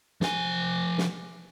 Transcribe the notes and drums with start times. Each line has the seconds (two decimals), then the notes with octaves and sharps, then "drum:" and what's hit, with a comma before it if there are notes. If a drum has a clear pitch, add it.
0.21 F3 G#5, drum: snare
0.98 drum: snare